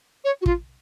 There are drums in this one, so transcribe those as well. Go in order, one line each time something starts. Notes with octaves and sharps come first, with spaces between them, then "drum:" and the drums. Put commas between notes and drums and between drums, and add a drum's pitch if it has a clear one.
C#5
F#4
F4, drum: kick